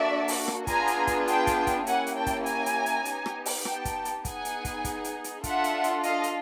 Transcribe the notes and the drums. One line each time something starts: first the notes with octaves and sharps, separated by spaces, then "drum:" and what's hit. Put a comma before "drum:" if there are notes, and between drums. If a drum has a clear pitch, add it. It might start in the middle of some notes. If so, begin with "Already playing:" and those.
Already playing: A#3 D4 F#4 A4 D5 E5
drum: open hi-hat
drum: rim click
B3 D4 F4 G#4 G#5 A#5, drum: kick, hi-hat
drum: hi-hat
drum: kick, hi-hat
G5 A5, drum: hi-hat
drum: kick, hi-hat
drum: kick, hi-hat
A#3 C#4 E4 G4 F#5 G#5, drum: hi-hat
drum: hi-hat
G5 A5
drum: kick, hi-hat
G#5 A#5, drum: hi-hat
drum: hi-hat
drum: hi-hat
B3 D#4 G4, drum: hi-hat
drum: rim click
drum: open hi-hat
G5 A5, drum: rim click
drum: kick, hi-hat
drum: hi-hat
B3 D#4 G#4 F#5 G#5, drum: kick, hi-hat
drum: hi-hat
drum: kick, hi-hat
drum: kick, hi-hat
drum: hi-hat
drum: hi-hat
D4 F4 A4 E5 F#5, drum: kick, hi-hat
drum: hi-hat
drum: hi-hat
D#5 F5, drum: hi-hat
drum: hi-hat